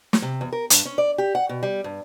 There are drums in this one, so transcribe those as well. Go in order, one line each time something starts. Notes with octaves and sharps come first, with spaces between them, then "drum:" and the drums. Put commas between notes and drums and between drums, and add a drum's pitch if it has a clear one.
drum: snare
C3
E2
A#4
G2, drum: hi-hat
C#4
D5
G4
F#5
B2
G3
G2